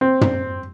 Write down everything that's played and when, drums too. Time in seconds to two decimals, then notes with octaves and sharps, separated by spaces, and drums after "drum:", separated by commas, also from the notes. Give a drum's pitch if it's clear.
0.01 C4
0.21 drum: tom